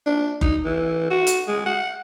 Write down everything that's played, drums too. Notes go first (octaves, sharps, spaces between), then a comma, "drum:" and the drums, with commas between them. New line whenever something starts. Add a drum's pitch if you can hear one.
D4
D#4, drum: kick F#1
E3
F#4
drum: hi-hat
G#3
F#5